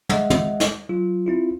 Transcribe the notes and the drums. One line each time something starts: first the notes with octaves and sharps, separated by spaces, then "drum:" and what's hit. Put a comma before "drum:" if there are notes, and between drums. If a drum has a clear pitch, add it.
G#3 D#5 E5 F#5, drum: tom
drum: tom
drum: snare
F#3 F4
C4 E4 F4